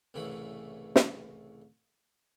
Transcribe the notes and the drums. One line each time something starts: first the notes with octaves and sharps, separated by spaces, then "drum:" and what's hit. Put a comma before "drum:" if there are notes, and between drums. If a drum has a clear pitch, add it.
C2 A2 C#3 E3 B5
drum: snare